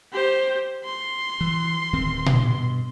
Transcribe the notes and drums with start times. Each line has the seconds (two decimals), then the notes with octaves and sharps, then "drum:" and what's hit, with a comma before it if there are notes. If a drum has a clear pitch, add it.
0.13 G4 C5
0.84 C6
1.41 E3
1.93 D1 D#3 C4
2.26 drum: tom A#2
2.39 G2 B2